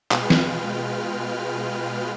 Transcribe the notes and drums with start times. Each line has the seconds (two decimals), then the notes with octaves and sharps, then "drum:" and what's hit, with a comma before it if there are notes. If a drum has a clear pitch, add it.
0.11 B2 G#3 F4 B4 G5 F6, drum: clap
0.30 drum: snare